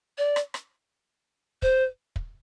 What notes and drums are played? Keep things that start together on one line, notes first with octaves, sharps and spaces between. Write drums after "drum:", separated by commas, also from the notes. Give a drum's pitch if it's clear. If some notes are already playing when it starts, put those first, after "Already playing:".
D5
drum: rim click
drum: rim click
C5, drum: kick
drum: kick